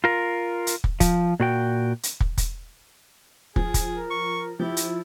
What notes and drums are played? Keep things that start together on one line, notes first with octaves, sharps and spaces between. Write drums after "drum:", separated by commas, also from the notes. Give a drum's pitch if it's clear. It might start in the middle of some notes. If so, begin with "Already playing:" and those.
F4 A#4
drum: hi-hat
drum: kick
F3, drum: kick, hi-hat
A#2 F#4 G5
drum: hi-hat
drum: kick
drum: kick, hi-hat
F3 G#4, drum: kick
drum: kick, hi-hat
A#4
C#6
F3 E4 G4
drum: hi-hat